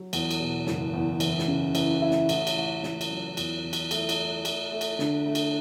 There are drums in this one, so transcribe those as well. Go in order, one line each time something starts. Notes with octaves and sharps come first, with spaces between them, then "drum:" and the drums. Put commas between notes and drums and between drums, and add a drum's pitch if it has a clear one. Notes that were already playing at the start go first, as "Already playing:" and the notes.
Already playing: F#3
E2, drum: cymbal
drum: cymbal
B2
F#1, drum: snare
E2
E3, drum: cymbal
drum: snare
C#3
E3, drum: cymbal
E4
drum: snare
A1, drum: cymbal
drum: cymbal
A1
A1, drum: snare
drum: cymbal
F#3
E2, drum: cymbal
E2
drum: cymbal
A3, drum: cymbal
drum: cymbal
A3
A3, drum: cymbal
A3
drum: cymbal
D3, drum: snare
A3
drum: cymbal